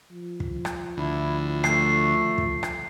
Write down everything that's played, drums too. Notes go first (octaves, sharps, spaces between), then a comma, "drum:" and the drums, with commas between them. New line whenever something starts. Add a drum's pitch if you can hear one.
F3
drum: kick
drum: rim click
D2 E4
A3 C7, drum: rim click
drum: kick
drum: rim click